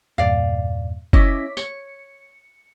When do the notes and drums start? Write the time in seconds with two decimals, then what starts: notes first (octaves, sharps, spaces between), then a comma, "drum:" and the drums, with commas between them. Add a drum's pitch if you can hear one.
0.18 E2 G2 A#2 D5 F5
1.13 C#4 E4 C#5 D#5 D6 B6, drum: kick F#1
1.57 C#5 C#7, drum: tambourine